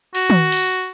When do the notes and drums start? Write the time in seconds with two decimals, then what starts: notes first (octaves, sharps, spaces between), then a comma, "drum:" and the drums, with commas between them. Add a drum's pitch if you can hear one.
0.15 F#4, drum: cymbal
0.30 drum: tom
0.52 drum: open hi-hat